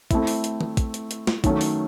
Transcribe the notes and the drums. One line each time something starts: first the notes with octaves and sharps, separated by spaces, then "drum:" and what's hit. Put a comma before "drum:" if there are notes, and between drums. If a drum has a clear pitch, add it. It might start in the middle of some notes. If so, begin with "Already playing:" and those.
A3 C4 E4, drum: kick, hi-hat
drum: open hi-hat
drum: hi-hat
drum: tom
drum: kick, hi-hat
drum: hi-hat
drum: hi-hat
drum: snare
D#3 F#3 A3 C#4, drum: kick, hi-hat
drum: open hi-hat